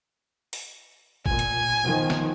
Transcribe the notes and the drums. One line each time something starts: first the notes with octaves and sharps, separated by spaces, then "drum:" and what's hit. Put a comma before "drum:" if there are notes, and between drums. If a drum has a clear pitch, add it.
drum: open hi-hat
A#2 G#5, drum: kick G#1
drum: hi-hat
D#3 F3 B3
drum: snare